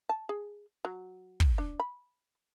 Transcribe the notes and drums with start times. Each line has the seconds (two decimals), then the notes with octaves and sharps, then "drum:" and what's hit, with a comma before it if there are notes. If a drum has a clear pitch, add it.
0.09 A5
0.29 G#4
0.85 F#3
1.40 drum: kick
1.58 D4
1.80 B5